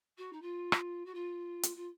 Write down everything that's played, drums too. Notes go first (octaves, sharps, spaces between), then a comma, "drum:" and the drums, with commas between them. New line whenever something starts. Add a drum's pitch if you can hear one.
F#4
D#4
F4
drum: rim click
F#4
F4
drum: hi-hat
F4